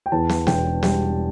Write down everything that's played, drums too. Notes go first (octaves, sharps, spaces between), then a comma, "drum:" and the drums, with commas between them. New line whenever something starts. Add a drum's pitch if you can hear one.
G5
E2 A5
drum: snare
E1 G5, drum: snare
G3 G5, drum: snare